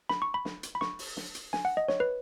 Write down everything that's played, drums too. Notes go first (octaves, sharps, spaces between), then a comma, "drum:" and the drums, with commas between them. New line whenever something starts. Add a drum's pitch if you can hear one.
B5, drum: snare
C#6
B5
drum: snare
drum: hi-hat
B5
C#6, drum: snare
drum: open hi-hat
drum: snare
drum: hi-hat
G#5, drum: snare
F#5
D#5
C#5, drum: snare
B4